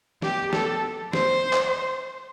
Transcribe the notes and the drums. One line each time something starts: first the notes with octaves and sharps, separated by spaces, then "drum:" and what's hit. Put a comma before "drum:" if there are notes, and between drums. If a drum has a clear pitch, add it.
G4, drum: snare
A4, drum: snare
C5, drum: snare
drum: clap